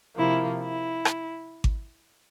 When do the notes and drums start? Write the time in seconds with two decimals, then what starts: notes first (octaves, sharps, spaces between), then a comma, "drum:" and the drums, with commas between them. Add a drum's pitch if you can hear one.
0.17 C3 F3 A#3 E4
0.61 E4
1.05 drum: rim click
1.64 drum: kick G#1